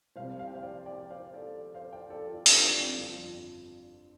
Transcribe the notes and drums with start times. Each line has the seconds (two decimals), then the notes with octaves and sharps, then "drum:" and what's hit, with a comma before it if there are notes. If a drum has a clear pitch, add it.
0.16 C2 C3 G3 C5 F5
0.39 F5
0.47 G5
0.54 C5 F5
0.62 D5 G5
0.86 D5 G5
1.10 C5 F5
1.34 A4 D5
1.74 C5 F5
1.92 D5 G5
2.10 A4 D5
2.28 F4 A4
2.46 D4 G4, drum: open hi-hat
2.58 F4
2.64 D4
2.81 C4
2.98 G1 F2 F3